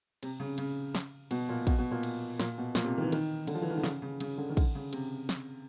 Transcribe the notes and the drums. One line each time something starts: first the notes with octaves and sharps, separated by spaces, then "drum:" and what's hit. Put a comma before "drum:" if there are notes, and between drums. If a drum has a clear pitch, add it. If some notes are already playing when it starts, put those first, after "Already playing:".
C3, drum: cymbal
C#3
C#3, drum: cymbal
drum: snare
B2, drum: cymbal
A#2
B2, drum: kick, cymbal
B2
A#2
drum: cymbal
A#2, drum: snare
B2
A#2, drum: snare
C3
D#3
E3
D#3, drum: cymbal
D3, drum: cymbal
F3
E3
D#3
D3
C#3, drum: snare
C#3
C#3, drum: cymbal
D3
D#3
D3, drum: kick, cymbal
C#3
C3, drum: cymbal
drum: snare